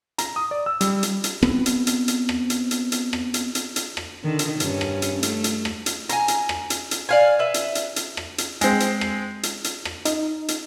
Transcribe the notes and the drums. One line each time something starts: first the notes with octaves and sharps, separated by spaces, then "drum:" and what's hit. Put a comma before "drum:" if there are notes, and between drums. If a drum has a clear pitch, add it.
A#5, drum: hi-hat
D#6
D5
E6
G3, drum: hi-hat
drum: hi-hat
drum: hi-hat
B3 C4, drum: rim click
drum: hi-hat
drum: hi-hat
drum: hi-hat
drum: rim click
drum: hi-hat
drum: hi-hat
drum: hi-hat
drum: rim click
drum: hi-hat
drum: hi-hat
drum: hi-hat
drum: rim click
D3 D#3
drum: hi-hat
G2 C#4, drum: hi-hat
drum: rim click
drum: hi-hat
A3, drum: hi-hat
drum: hi-hat
drum: rim click
drum: hi-hat
G#5 A#5, drum: hi-hat
drum: hi-hat
drum: rim click
drum: hi-hat
drum: hi-hat
D5 F5 G#5
B4 E5
drum: hi-hat
drum: hi-hat
drum: hi-hat
drum: rim click
drum: hi-hat
G#3 C4, drum: hi-hat
drum: hi-hat
drum: rim click
drum: hi-hat
drum: hi-hat
drum: rim click
D#4, drum: hi-hat
drum: hi-hat